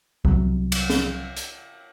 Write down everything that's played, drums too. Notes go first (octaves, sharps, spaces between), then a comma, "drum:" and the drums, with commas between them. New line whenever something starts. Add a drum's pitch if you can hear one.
C2 C3 F#3, drum: kick C2
drum: cymbal
drum: snare
drum: hi-hat